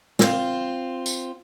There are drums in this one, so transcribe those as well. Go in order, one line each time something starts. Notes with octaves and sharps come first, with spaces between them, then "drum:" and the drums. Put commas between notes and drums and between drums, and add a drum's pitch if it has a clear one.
C4 F4, drum: snare
drum: tambourine